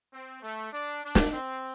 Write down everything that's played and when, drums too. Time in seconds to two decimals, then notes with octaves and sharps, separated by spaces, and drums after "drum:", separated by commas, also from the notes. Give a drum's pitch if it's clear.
0.13 C4
0.43 A3
0.73 D4
1.04 D4
1.15 drum: snare
1.33 C4